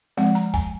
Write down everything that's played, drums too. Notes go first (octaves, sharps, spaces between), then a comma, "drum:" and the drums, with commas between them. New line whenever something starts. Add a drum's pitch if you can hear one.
F3 G#3 C4 F#5
A#5
G#5, drum: kick